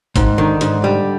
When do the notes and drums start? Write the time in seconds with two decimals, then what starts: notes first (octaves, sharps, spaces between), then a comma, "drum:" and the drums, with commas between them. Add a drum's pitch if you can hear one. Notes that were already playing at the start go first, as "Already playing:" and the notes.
0.16 G#2 D#3, drum: kick G#1, hi-hat
0.38 D3 D#3
0.61 G#2 D3, drum: hi-hat
0.84 G3